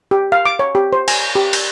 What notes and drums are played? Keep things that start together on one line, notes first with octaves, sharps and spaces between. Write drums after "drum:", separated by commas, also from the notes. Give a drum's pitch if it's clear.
G4
F5
D6
C#5
G4
C5
G#5, drum: cymbal
G4
drum: cymbal